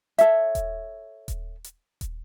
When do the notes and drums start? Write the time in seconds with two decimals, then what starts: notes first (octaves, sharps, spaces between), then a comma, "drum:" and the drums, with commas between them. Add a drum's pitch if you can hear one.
0.18 A4 C#5 E5, drum: hi-hat
0.55 drum: kick D#1, hi-hat
1.28 drum: kick D#1, hi-hat
1.64 drum: hi-hat
2.01 drum: kick D#1, hi-hat